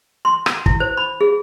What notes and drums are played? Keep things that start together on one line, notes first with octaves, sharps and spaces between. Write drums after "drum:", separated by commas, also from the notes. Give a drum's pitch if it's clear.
C6
F#5, drum: rim click
E4, drum: kick
C5
B5
G#4